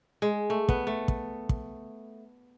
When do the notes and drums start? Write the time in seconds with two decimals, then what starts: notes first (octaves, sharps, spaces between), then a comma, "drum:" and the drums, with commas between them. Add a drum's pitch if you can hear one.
0.22 G#3
0.50 A3
0.69 B3, drum: kick
0.87 A3
1.08 drum: kick
1.49 drum: kick